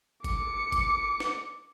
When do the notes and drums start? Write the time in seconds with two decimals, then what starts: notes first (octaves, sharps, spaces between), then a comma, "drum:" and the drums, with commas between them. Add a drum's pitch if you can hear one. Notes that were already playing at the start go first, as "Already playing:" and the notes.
0.24 D6 C#7, drum: kick G1, hi-hat
0.72 drum: kick G1, hi-hat
1.20 drum: snare